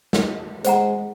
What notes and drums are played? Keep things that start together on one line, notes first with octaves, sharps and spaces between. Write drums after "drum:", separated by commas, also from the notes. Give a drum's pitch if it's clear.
drum: snare
G#3 C5 F#5 A#5, drum: hi-hat